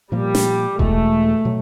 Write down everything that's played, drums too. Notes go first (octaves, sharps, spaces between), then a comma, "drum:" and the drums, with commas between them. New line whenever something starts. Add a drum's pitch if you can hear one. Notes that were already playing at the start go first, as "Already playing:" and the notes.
A#2 F3 G3 A#3
drum: snare
E2 B2 G#3 A3, drum: kick E1
B2 F#3